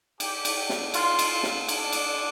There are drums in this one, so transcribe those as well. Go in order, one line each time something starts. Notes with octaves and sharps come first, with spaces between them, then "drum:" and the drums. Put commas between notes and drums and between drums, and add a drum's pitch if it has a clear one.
G4, drum: cymbal
drum: cymbal
drum: snare
F4, drum: cymbal
drum: cymbal
drum: snare
D4, drum: cymbal
drum: cymbal